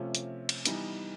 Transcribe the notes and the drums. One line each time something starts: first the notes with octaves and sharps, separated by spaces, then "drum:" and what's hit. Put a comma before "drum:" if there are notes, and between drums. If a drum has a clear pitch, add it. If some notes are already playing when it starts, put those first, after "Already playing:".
Already playing: C3 F3 A3 C#4 F4
drum: hi-hat
drum: cymbal
E3 G3 B3 D#4, drum: hi-hat